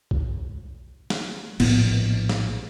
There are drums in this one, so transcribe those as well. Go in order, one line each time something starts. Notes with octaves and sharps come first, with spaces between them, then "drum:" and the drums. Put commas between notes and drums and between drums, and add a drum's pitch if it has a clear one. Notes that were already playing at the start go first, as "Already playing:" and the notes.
drum: kick A#1
drum: snare
A#1 A2 B3, drum: cymbal
drum: snare